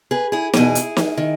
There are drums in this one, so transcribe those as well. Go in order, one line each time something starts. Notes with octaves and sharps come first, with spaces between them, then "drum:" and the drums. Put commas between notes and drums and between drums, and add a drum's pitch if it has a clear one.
G#4 B4
E4 G#4
E2 B2 E4 G#4, drum: snare
drum: hi-hat
drum: snare
D#3